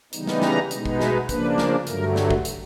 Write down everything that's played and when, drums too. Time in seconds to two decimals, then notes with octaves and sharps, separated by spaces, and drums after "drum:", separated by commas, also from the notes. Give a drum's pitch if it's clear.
0.13 C#3 E3 G3 B3 D#4, drum: hi-hat
0.27 drum: snare
0.42 A#5, drum: snare
0.71 B2 G#3 B3 D#4, drum: hi-hat
0.85 drum: kick
1.01 E5, drum: snare
1.29 C#3 F3 A#3 D4 B4, drum: kick, hi-hat
1.58 drum: snare
1.87 G2 D3 F#3 A3 A#4, drum: hi-hat
2.16 drum: snare
2.31 drum: kick
2.45 drum: hi-hat